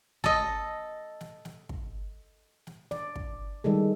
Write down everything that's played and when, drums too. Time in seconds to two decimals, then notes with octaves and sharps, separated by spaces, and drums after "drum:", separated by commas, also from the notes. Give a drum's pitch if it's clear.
0.24 A4 D#5, drum: kick
1.21 drum: snare
1.45 drum: snare
1.69 drum: kick
2.67 drum: snare
2.91 D5, drum: snare
3.16 drum: kick
3.64 D#3 G3 G#3 A4